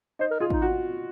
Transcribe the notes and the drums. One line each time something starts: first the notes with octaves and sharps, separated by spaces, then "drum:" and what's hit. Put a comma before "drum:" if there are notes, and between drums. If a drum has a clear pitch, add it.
D#4 C5
A#4
F4 G#4
D#4, drum: kick
F#4